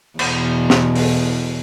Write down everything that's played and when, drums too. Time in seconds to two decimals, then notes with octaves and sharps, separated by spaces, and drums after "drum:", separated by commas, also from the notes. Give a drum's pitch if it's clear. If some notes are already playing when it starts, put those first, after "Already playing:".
0.19 E2 B2, drum: cymbal
0.70 drum: snare
0.95 drum: open hi-hat